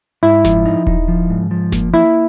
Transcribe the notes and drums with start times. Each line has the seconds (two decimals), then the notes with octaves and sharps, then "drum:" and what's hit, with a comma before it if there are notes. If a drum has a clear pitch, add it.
0.23 G#2 E4
0.45 F3, drum: snare F#1
0.66 D#4
0.87 D#4, drum: kick D#1
1.08 F3
1.30 G#2
1.51 F3
1.72 A#3, drum: snare F#1
1.93 A#3 E4